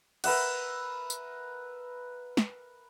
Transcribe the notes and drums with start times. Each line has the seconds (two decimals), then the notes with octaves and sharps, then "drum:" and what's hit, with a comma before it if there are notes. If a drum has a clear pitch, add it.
0.24 A#4 B4 E5 F#5, drum: cymbal
1.10 drum: tambourine
2.37 drum: snare